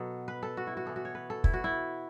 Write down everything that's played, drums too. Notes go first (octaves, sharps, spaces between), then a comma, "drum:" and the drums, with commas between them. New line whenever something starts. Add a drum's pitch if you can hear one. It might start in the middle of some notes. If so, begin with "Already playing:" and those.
Already playing: B2 F#3 B3 A4
B4
A4
F#4
E4
F#4
E3 B3 A4
F#4
C#5
B4
A4
E4, drum: kick
F#4
E4